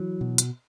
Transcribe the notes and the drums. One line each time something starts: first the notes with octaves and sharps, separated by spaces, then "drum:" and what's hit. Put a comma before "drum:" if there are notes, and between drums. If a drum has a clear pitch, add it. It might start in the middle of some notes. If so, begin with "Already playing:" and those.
Already playing: E3 F#3
B2
drum: hi-hat